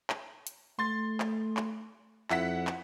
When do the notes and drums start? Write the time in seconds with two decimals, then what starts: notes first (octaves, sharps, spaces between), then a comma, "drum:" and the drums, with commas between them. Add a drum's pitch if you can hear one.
0.10 drum: clap
0.47 drum: hi-hat
0.79 A3 C6 A6
1.20 drum: clap
1.57 drum: clap
2.30 F2 E4 F#5 B6, drum: clap
2.67 drum: clap